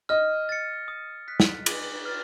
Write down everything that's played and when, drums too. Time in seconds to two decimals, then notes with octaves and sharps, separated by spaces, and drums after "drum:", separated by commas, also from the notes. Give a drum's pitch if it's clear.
0.09 D#5 F6
0.49 A6 C#7
0.88 D#6
1.28 F#6 B6
1.40 drum: snare
1.66 D6, drum: cymbal
2.05 F6 A6